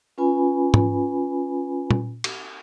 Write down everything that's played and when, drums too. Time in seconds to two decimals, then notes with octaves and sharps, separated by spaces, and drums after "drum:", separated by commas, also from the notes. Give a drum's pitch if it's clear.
0.18 C#4 F4 B4 G#5 B5
0.74 drum: tom G#2
1.91 drum: tom A#2
2.24 drum: cymbal